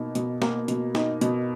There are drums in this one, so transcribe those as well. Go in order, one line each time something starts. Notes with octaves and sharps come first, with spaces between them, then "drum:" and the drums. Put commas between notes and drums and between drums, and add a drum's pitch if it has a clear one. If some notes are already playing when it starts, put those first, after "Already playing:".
Already playing: B2 A#3 D#4
B2, drum: hi-hat
A#3, drum: snare
B2, drum: hi-hat
D#4, drum: snare
B2, drum: hi-hat